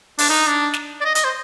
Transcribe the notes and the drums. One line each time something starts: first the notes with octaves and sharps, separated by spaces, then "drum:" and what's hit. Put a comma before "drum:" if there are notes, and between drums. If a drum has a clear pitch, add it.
D4, drum: open hi-hat
D#4
D4
drum: snare
D5
D#5
D#5, drum: hi-hat
C5